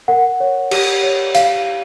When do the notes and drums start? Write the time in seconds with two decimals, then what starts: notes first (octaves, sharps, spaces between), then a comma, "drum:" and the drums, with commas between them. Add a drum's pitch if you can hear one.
0.08 A#4 F#5
0.40 C#5
0.71 G4, drum: cymbal
1.03 C#5
1.35 G4 F5, drum: hi-hat